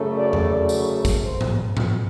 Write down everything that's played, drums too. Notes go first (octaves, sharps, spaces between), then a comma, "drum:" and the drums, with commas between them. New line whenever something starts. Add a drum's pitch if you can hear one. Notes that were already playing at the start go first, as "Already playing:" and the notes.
Already playing: F#2 C#3 F#3 A3
D5
drum: tom E2
drum: tambourine
drum: kick, tambourine
C5
drum: tom G#2
drum: tom G#2